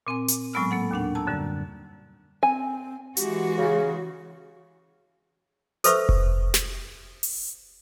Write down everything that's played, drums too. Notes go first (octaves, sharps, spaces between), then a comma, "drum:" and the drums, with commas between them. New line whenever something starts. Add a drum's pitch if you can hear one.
A#2 C4 G#5 D6
drum: hi-hat
A2 F#3 G#3 B3 E6 F6
A#3 A4 F#5
D#2 A#2 D4 F#5
A5 A#5 E6
F#2 D3 G3
C4 G#5
E3 G#3 F#4 G4, drum: hi-hat
C#3
A4 B4 C5 E5 C#6 E6, drum: hi-hat
drum: kick F1
drum: snare
drum: open hi-hat